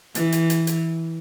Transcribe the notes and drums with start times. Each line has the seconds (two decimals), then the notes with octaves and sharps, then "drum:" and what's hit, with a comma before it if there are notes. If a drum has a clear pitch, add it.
0.15 E3, drum: hi-hat
0.32 drum: hi-hat
0.50 drum: hi-hat
0.67 drum: hi-hat